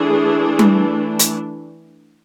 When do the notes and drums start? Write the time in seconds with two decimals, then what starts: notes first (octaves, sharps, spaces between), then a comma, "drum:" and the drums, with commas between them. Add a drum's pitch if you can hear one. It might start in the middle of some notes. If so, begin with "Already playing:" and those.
Already playing: E3 A3 D4 G#4
0.59 drum: tom G3
1.19 drum: hi-hat